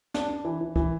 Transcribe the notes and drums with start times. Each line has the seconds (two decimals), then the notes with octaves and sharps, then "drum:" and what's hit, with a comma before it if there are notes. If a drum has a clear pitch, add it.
0.14 D4, drum: snare
0.30 D4
0.45 E3
0.61 E3
0.76 E3, drum: kick